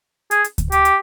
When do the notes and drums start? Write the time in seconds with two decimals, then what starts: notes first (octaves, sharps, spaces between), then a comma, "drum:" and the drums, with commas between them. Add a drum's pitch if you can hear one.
0.31 G#4, drum: hi-hat
0.44 drum: hi-hat
0.58 drum: kick D2, hi-hat
0.72 G4, drum: hi-hat
0.85 drum: hi-hat